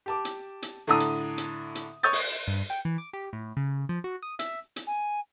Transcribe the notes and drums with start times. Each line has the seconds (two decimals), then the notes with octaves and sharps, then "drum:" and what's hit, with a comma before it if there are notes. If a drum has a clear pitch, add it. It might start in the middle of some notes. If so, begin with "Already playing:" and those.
0.06 G4 A5 D6
0.25 drum: hi-hat
0.62 drum: hi-hat
0.87 A2 D3 D4 A#5 D#6
1.00 drum: hi-hat
1.38 drum: hi-hat
1.75 drum: hi-hat
2.03 C#5 C#6 D#6 G6 A6
2.13 drum: open hi-hat
2.47 G2
2.70 G5
2.85 E3
2.98 D6
3.13 G4
3.33 A2
3.57 C#3
3.89 F3
4.04 F#4
4.23 D#6
4.39 E5, drum: hi-hat
4.76 drum: hi-hat
4.87 G#5